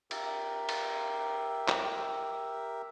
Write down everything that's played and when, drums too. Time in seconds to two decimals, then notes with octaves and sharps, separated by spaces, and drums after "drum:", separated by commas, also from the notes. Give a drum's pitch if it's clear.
0.11 G4 A#4 E5, drum: cymbal
0.69 drum: cymbal
1.68 drum: clap